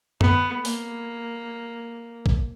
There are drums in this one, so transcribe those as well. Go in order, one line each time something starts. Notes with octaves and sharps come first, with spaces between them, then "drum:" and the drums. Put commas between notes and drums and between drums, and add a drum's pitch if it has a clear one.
B3, drum: tom F#2
A#3, drum: open hi-hat
drum: kick